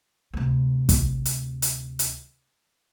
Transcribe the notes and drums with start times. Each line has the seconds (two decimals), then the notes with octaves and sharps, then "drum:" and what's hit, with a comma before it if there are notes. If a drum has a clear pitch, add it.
0.33 D2 C3
0.89 drum: kick, hi-hat
1.25 drum: hi-hat
1.62 drum: hi-hat
1.99 drum: hi-hat